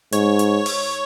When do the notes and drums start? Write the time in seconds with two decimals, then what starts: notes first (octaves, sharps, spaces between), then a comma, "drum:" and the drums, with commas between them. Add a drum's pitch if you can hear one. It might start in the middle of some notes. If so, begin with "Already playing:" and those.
0.12 G#2 C#5, drum: hi-hat
0.39 drum: hi-hat
0.66 drum: open hi-hat